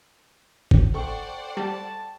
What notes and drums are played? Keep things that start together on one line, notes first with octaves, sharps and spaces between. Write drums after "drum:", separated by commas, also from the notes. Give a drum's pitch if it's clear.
drum: kick
A4 C5 D5 F#5 G5 C#6
G3 A5